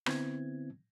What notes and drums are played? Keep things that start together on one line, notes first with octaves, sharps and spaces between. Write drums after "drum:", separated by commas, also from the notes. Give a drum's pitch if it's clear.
D3 B3 C4 E4 G#6, drum: rim click